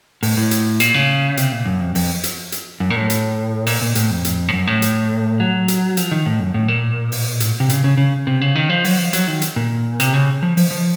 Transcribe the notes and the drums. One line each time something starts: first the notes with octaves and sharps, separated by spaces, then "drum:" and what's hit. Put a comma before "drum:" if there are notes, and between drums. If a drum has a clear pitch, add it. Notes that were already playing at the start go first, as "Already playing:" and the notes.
A2, drum: open hi-hat
A2
drum: hi-hat
A#2, drum: hi-hat
C#3
C3, drum: hi-hat
A#2
F#2
F2
F2, drum: open hi-hat
drum: hi-hat
drum: hi-hat
F#2
A#2
A2
drum: hi-hat
A#2, drum: open hi-hat
A#2
A2, drum: hi-hat
F2
drum: hi-hat
A2
F#2
A2
drum: hi-hat
F#3
drum: hi-hat
F3, drum: hi-hat
D#3
A2
F#2
A2
A#2
drum: open hi-hat
A2, drum: hi-hat
C3
C#3, drum: hi-hat
C#3
C#3
C3
C#3
D#3
F3
F#3, drum: open hi-hat
F3
F#3, drum: hi-hat
D#3
drum: hi-hat
A#2
C3, drum: hi-hat
C#3
F3
F3, drum: open hi-hat
F3